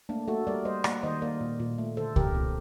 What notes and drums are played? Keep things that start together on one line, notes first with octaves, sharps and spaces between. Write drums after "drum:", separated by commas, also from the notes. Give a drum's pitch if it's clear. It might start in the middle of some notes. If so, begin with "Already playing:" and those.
A3 A#3 D4
A3 F#4 A4
G3 A#4 D5
G3 C5 D#5
A#3 D5 F#5, drum: rim click
D#3 C5 D#5
A#3 A#4 D5
A#2
A#2
A3
D3 A4 C5
D3 G4 A#4, drum: kick C2
A#2 C4